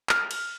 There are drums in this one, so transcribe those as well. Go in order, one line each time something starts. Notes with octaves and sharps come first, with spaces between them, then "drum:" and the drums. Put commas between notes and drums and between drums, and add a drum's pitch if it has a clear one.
F6, drum: clap
drum: cymbal